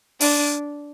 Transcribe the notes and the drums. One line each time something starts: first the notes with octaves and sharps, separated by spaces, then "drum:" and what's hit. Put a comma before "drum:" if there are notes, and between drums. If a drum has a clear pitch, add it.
D4, drum: open hi-hat